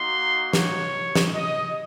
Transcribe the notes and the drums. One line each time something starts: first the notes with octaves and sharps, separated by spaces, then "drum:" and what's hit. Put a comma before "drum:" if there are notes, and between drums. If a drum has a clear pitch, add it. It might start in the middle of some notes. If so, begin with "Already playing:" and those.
Already playing: A#3 D#4 F#4 C6
C#5, drum: snare
drum: snare
D#5